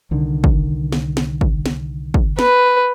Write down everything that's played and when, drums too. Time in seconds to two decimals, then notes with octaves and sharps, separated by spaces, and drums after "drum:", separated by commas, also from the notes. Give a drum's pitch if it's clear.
0.11 C2 D3 D#3
0.44 drum: kick
0.92 drum: snare
1.17 drum: snare
1.41 drum: kick
1.66 drum: snare
2.14 drum: kick
2.39 B4, drum: snare